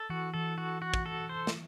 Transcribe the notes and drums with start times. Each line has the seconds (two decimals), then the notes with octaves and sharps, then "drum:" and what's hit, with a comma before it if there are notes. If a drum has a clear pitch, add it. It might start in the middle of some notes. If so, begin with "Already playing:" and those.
Already playing: A4
0.10 E3 F#4
0.34 E3 A4
0.58 F#4
0.82 F#4
0.94 drum: kick
1.06 A4
1.29 C5
1.47 drum: snare